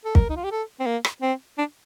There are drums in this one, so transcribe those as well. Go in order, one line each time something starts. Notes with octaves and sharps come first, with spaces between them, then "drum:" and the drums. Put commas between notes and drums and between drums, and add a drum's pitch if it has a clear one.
A4
A#4, drum: kick
D#4
F4
G4
A4
C4
A#3
drum: rim click
C4
D4